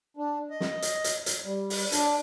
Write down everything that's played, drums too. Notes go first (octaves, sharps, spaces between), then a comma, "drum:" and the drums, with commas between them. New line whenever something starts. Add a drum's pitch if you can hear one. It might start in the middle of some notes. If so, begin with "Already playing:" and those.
D4
D#5
drum: snare
drum: hi-hat
drum: hi-hat
drum: hi-hat
G3
drum: open hi-hat
D4, drum: hi-hat